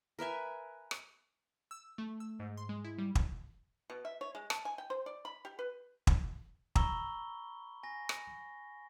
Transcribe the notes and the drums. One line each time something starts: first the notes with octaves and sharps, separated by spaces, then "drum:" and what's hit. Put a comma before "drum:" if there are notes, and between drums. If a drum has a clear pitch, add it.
A#4 B4 E5 G#5
drum: rim click
E6
A3
E6
G#2
C6
G#3
E4
G3
drum: kick
B2
E5
C#5
G#3
A5, drum: rim click
G#5
G5
C5
D5
B5
G4
B4
drum: kick
A#5 B5 C#6 E6 G7, drum: kick
G#5 A#6
drum: rim click